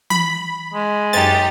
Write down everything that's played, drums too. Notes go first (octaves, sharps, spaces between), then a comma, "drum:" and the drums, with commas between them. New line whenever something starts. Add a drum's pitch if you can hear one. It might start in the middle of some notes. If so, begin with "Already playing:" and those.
B5, drum: tom E3
G#3
F#2 D#4 G4 A6